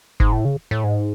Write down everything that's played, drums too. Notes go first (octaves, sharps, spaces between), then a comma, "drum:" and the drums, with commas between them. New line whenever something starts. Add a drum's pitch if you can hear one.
G#2, drum: kick F#1
A2
C#3
A2
G#2